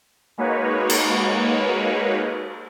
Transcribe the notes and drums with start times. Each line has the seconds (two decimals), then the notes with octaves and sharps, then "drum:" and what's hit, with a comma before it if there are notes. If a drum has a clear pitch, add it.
0.38 G#3 A#3 D#4 F#4 B4 C#5
0.90 drum: cymbal